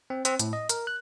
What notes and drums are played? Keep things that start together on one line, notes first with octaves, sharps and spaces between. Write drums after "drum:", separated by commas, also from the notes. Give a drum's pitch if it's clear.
C4
C4, drum: hi-hat
A2, drum: hi-hat
D#5
A#4, drum: hi-hat
F#6